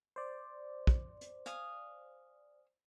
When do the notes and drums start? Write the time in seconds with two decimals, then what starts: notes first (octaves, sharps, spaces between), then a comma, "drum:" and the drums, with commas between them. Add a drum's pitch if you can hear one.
0.16 C5 D5
0.87 drum: kick
1.21 drum: hi-hat
1.46 F5 G#5 D#6, drum: hi-hat